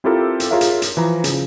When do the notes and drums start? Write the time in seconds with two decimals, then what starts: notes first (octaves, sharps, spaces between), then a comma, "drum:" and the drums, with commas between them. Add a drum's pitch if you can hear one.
0.04 C4 E4 F4 G4 A4 A#4
0.40 drum: hi-hat
0.50 F4 G#4 A#4 C#5 E5 F5
0.61 drum: hi-hat
0.82 drum: hi-hat
0.97 E3 F3 A#5
1.24 C#3 F3, drum: hi-hat